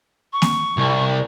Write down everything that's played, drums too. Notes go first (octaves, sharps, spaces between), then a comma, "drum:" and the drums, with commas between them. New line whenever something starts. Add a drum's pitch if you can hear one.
C#6
drum: snare A#3
C2